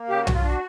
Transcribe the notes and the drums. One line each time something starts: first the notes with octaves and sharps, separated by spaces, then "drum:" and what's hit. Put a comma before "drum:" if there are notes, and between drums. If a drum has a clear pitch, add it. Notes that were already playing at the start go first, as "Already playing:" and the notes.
Already playing: A#3
C#3 G4
F#4
F#3, drum: tom B1
F4
D4 F#4